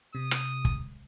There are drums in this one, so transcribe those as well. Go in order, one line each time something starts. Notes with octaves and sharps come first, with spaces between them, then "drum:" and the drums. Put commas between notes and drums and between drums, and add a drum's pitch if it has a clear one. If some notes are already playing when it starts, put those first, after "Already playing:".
C3 D#6
drum: rim click
drum: kick